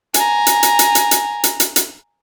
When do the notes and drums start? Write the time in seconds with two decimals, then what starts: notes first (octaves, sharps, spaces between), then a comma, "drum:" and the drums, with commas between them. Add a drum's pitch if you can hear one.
0.14 G#5 A#5, drum: hi-hat
0.47 drum: hi-hat
0.63 drum: hi-hat
0.79 drum: hi-hat
0.95 drum: hi-hat
1.11 drum: hi-hat
1.44 drum: hi-hat
1.60 drum: hi-hat
1.76 drum: hi-hat